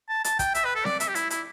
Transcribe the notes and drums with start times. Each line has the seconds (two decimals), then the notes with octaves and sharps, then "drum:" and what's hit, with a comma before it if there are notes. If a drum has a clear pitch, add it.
0.09 A5
0.24 A5, drum: hi-hat
0.39 G5, drum: kick, hi-hat
0.55 E5, drum: hi-hat
0.65 B4
0.75 A4
0.85 D5, drum: snare C4
1.00 E5, drum: hi-hat
1.08 G4
1.15 E4, drum: hi-hat
1.30 E4, drum: hi-hat